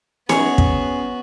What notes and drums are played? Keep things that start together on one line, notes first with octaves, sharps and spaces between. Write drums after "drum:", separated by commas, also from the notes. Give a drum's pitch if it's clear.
B3 C#4 F#4 G#4 C#5, drum: snare
drum: kick